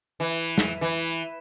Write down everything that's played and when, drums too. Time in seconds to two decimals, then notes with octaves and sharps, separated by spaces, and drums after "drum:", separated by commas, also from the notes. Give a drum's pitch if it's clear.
0.20 E3
0.58 drum: snare
0.81 E3